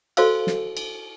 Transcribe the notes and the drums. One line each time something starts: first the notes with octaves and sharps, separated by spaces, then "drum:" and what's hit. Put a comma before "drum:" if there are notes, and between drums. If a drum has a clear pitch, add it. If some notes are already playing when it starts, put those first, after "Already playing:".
F#4 A4 C5 D#5 F5 E6, drum: cymbal
drum: snare
drum: cymbal